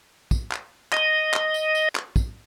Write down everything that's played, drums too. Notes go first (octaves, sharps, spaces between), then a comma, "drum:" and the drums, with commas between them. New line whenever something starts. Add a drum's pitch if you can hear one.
drum: kick, tambourine
drum: clap
D#5, drum: clap
drum: clap
drum: tambourine
drum: tambourine
drum: clap
drum: kick, tambourine